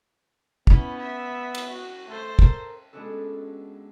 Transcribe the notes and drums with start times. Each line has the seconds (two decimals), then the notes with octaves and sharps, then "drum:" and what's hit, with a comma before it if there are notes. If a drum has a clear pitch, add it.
0.67 B3 C#4 E4, drum: kick
0.99 E5
1.55 drum: cymbal
1.69 F#4
2.08 A3 A4 C5
2.39 A#4, drum: kick
2.93 G#3 B3 C#4 D4 F#4 A4